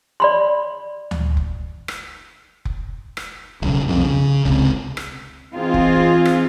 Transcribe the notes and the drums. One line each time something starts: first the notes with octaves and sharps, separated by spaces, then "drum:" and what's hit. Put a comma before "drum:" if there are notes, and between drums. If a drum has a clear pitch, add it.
D5 B5 C6
drum: tom D2
drum: kick F1
drum: rim click
drum: kick F1
drum: rim click
D#1 B1 C#3
C2 F2 C3
C#3
C#2 C3, drum: kick F1
drum: rim click
E3 C4 D#4 F4 G#4 F5
drum: kick F1
drum: rim click